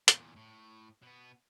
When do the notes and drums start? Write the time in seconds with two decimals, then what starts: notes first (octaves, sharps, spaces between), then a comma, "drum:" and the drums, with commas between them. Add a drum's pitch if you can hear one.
0.08 E2 A#2, drum: hi-hat
0.36 A2
1.03 B2 B3